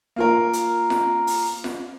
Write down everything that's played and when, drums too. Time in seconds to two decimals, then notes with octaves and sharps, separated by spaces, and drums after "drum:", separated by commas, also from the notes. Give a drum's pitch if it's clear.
0.16 A#3 F4 A#4
0.53 drum: hi-hat
0.90 drum: snare F4
1.27 drum: open hi-hat
1.64 drum: snare F4